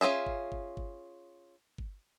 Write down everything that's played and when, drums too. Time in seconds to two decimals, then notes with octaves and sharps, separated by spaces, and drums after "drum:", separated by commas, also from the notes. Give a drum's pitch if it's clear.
0.01 C#4 F4 G#4 E5
0.26 drum: kick G1
0.52 drum: kick G1
0.77 drum: kick G1
1.78 drum: kick G1